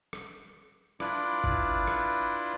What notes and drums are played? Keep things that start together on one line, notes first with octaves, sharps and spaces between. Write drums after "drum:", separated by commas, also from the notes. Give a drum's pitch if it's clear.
drum: rim click
D4 E4 F4 B4 D5, drum: rim click
drum: kick G1
drum: rim click